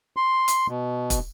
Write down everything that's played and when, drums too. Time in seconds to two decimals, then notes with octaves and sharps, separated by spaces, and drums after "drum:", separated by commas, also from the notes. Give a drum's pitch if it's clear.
0.17 C6
0.48 drum: hi-hat
0.68 B2
1.10 drum: kick, hi-hat